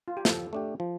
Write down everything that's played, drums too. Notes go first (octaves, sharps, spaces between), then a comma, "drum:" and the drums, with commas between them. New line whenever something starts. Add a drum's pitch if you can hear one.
F4
G4
F3 A4, drum: snare
A3 D4 G4
F3